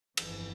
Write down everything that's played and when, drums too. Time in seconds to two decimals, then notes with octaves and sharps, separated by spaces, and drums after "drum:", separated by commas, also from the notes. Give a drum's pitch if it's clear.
0.17 G1 F2 E3, drum: cymbal